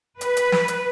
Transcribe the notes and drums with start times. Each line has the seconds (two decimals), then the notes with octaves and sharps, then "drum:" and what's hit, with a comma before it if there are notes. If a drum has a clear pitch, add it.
0.21 B4, drum: hi-hat
0.37 drum: hi-hat
0.52 drum: snare
0.68 drum: hi-hat